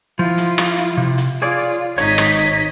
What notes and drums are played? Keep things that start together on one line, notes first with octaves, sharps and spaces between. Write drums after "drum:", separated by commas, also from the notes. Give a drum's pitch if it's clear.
F3 E4 F4
drum: hi-hat
drum: rim click
drum: hi-hat
C3
drum: hi-hat
F4 G#4 C#5 D5
G#1 D#4 C#5 D#5 B6, drum: hi-hat
drum: rim click
drum: hi-hat